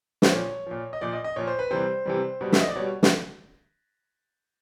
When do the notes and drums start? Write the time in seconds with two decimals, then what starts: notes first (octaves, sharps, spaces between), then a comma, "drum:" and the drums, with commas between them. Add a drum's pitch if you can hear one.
0.22 C5, drum: snare
0.31 A#2 F3 C#5
0.67 A#2 F3
0.93 D#5
1.01 A#2 F3 D5
1.13 D#5
1.24 D#5
1.36 A#2 F3 C#5
1.47 C5
1.59 B4
1.71 C3 E3 G3 C5
2.05 C3 E3 G3
2.41 B2 G3
2.52 E5, drum: snare
2.60 D#5
2.68 D5
2.75 B2 G3 C#5
3.03 drum: snare